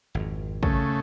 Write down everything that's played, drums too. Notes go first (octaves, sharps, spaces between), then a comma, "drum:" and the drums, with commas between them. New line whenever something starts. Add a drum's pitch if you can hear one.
G#1 F2
C#3 A3, drum: kick